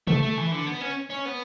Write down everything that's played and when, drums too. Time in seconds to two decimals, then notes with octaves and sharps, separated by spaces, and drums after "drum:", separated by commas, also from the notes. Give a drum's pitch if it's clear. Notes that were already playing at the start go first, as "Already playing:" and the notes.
0.07 A3, drum: tom
0.23 A3
0.37 E3
0.52 D3
0.66 B3
0.81 C#4
1.10 C#4
1.25 B3